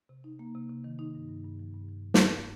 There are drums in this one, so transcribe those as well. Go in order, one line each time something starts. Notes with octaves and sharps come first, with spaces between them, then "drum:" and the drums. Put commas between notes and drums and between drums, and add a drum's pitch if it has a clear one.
C3
D#4
A#3
C3
C3
D#3
D#4
G2
G2
G2
F3
G2
F3
drum: snare